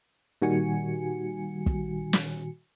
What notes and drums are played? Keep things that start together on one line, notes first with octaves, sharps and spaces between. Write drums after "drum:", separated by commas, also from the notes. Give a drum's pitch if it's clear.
A#2 D#3 G3 F#4 G#5 C#7
drum: kick
drum: snare